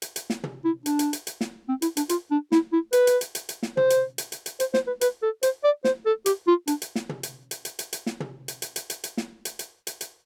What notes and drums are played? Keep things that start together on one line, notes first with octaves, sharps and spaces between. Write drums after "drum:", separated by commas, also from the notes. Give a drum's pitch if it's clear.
drum: hi-hat
drum: hi-hat
drum: snare
drum: tom
E4
D4, drum: hi-hat
drum: hi-hat
drum: hi-hat
drum: hi-hat
drum: snare
C4
E4, drum: hi-hat
D4, drum: hi-hat
F4, drum: hi-hat
D4
E4, drum: snare
E4
B4, drum: hi-hat
drum: hi-hat
drum: hi-hat
drum: hi-hat
drum: hi-hat
drum: snare
C5, drum: tom
drum: hi-hat
drum: hi-hat
drum: hi-hat
drum: hi-hat
C5, drum: hi-hat
C5, drum: snare
B4
B4, drum: hi-hat
A4
C5, drum: hi-hat
D5
C5, drum: snare
A4
G4, drum: hi-hat
F4
D4, drum: hi-hat
drum: hi-hat
drum: snare
drum: tom
drum: hi-hat
drum: hi-hat
drum: hi-hat
drum: hi-hat
drum: hi-hat
drum: snare
drum: tom
drum: hi-hat
drum: hi-hat
drum: hi-hat
drum: hi-hat
drum: hi-hat
drum: snare
drum: hi-hat
drum: hi-hat
drum: hi-hat
drum: hi-hat